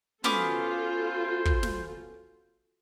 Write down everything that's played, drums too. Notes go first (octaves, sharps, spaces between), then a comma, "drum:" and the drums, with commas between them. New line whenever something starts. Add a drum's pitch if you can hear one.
B3 C#4 F4 F#4 A4 C5 D6, drum: snare
drum: kick
drum: snare